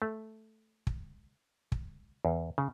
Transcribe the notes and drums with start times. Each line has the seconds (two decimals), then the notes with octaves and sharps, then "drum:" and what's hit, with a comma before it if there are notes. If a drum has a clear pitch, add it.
0.02 A3
0.87 drum: kick
1.72 drum: kick
2.25 E2
2.58 C#3